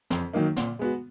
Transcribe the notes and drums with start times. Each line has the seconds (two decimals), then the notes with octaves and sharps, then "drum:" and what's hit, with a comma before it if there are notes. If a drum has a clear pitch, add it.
0.10 F2, drum: snare
0.33 D#3 F#3 A#3 D#4
0.56 A#2, drum: snare
0.79 G#3 B3 F#4